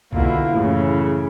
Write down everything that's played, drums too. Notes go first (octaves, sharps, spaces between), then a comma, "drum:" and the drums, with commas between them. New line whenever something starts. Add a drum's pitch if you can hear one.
B2 D3 A#3 E4 F4, drum: kick B1
F#2 A2 C#3 E3